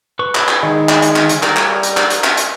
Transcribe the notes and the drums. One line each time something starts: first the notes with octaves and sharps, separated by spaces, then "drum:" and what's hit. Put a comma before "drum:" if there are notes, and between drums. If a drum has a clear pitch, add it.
B4 C#6
drum: clap
drum: clap
D#3 G#3
drum: clap
drum: hi-hat
drum: clap
drum: hi-hat
G3 A#4, drum: clap
drum: clap
drum: hi-hat
drum: clap
drum: hi-hat
drum: clap
drum: hi-hat